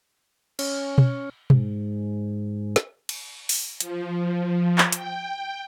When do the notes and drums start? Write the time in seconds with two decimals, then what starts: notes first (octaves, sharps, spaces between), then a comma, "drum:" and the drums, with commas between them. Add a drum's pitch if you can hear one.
0.59 C#4, drum: cymbal
0.98 drum: tom B2
1.50 G#2, drum: tom B2
2.76 drum: snare
3.09 drum: cymbal
3.49 drum: open hi-hat
3.80 F3, drum: hi-hat
4.78 drum: clap
4.92 G5, drum: hi-hat